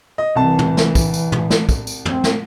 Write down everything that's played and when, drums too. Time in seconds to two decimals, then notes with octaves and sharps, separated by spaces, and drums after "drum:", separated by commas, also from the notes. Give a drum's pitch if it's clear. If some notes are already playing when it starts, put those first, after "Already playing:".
0.18 D#5
0.36 C2 E3 A5
0.59 drum: tom
0.77 drum: snare
0.95 drum: kick, tambourine
1.14 drum: tambourine
1.32 drum: tom
1.50 drum: snare
1.69 drum: kick, tambourine
1.87 drum: tambourine
2.05 C4, drum: tom
2.24 drum: snare